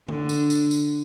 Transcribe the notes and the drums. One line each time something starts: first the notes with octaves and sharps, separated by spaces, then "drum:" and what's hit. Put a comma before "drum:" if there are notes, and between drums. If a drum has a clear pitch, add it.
D3, drum: tom D3
drum: tambourine
drum: tambourine
drum: tambourine